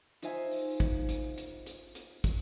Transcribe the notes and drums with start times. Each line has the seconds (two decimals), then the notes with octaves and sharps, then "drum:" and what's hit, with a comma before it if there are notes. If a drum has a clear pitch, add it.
0.22 D#4 F4 C5 E5 G#5, drum: hi-hat
0.51 drum: open hi-hat
0.80 drum: kick, hi-hat
1.09 drum: hi-hat
1.38 drum: hi-hat
1.66 drum: hi-hat
1.95 drum: hi-hat
2.24 drum: kick, hi-hat